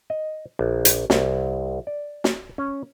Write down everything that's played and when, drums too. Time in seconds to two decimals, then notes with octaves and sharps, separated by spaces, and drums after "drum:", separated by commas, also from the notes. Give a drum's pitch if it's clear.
0.10 D#5
0.59 A#1
0.85 drum: hi-hat
1.10 C2, drum: snare
1.87 D5
2.24 drum: snare
2.58 C#4